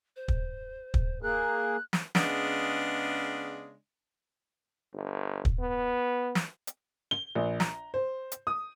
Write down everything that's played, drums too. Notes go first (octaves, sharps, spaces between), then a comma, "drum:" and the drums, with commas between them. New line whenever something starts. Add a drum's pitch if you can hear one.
C5
drum: kick
drum: kick
A#3 G#4 A#4 F#6
drum: snare
C#3 G#3 B3 D4, drum: snare
G1
drum: kick
B3
drum: snare
drum: hi-hat
G7
A#1
A#5, drum: snare
C5
drum: hi-hat
D#6